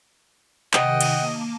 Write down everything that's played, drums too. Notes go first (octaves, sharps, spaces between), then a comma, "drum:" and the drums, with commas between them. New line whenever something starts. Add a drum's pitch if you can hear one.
C3 D#3 D#5 F#5 G5, drum: clap
drum: cymbal
A#3 A5 D6